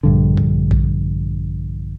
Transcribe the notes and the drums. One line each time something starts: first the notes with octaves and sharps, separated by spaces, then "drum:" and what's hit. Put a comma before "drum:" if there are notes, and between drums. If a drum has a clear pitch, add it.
A#1 G2 D3
drum: kick A#1
drum: kick A#1